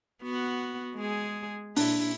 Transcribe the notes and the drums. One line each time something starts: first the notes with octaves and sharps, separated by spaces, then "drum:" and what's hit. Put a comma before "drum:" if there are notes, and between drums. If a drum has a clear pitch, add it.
B3 F#4
G#3 G#4
A#2 D4 E4, drum: open hi-hat